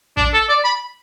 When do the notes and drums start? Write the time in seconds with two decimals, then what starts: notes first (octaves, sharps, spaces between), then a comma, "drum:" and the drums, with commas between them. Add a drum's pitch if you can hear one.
0.17 D4, drum: kick A1
0.34 A4
0.49 D5
0.64 B5